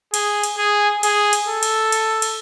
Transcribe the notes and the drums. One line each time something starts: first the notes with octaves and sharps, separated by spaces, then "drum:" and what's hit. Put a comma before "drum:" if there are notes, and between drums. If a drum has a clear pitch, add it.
G#4, drum: cymbal
drum: cymbal
G#4
G#4, drum: cymbal
drum: cymbal
A4
drum: cymbal
drum: cymbal
drum: cymbal